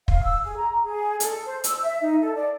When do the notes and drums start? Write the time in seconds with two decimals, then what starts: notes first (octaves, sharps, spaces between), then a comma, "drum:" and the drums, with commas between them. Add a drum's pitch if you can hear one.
0.08 F5, drum: kick
0.22 E6
0.43 G#4
0.57 A#5
0.84 G#4
1.20 A4, drum: hi-hat
1.45 C5
1.64 E6, drum: hi-hat
1.82 E5
2.00 D#4
2.21 A4
2.35 D5